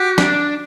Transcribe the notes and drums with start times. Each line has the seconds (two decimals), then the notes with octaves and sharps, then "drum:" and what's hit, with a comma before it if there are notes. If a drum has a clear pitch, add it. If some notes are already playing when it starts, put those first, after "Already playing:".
Already playing: F#4 G4
0.18 D4, drum: snare